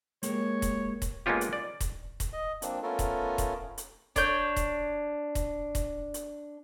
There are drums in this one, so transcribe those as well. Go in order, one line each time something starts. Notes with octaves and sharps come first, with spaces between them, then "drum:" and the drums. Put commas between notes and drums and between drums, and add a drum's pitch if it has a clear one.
G#3 A#3 G4 C#5, drum: hi-hat
drum: kick D#1, hi-hat
drum: kick D#1, hi-hat
G#3 A#3 B3 C#4 F4 G4
drum: hi-hat
D5
drum: kick D#1, hi-hat
drum: kick D#1, hi-hat
D#5
F3 A#3 C4 D4, drum: hi-hat
A3 B3 C#4 F4 A4 A#4
drum: kick D#1, hi-hat
drum: kick D#1, hi-hat
drum: hi-hat
D4 C#5 G6, drum: kick D#1, hi-hat
drum: kick D#1, hi-hat
drum: kick D#1, hi-hat
drum: kick D#1, hi-hat
drum: hi-hat